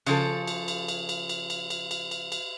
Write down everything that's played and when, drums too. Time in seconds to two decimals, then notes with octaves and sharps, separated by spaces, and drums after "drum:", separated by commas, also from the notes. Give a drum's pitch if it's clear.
0.07 C#3 F3 A4, drum: cymbal
0.47 drum: cymbal
0.68 drum: cymbal
0.88 drum: cymbal
1.09 drum: cymbal
1.29 drum: cymbal
1.50 drum: cymbal
1.70 drum: cymbal
1.91 drum: cymbal
2.11 drum: cymbal
2.32 drum: cymbal